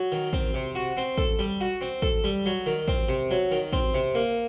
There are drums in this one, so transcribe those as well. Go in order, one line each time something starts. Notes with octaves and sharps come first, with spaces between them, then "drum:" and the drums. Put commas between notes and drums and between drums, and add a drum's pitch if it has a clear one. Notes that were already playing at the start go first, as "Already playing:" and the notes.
Already playing: F#3
D#3
C4, drum: kick
C3
F#4
C4
A4, drum: kick
G3
F#4
C4
A4, drum: kick
G3
F#3
D#3
C4, drum: kick
C3
F#3
D#3
C4, drum: kick
C3
A#3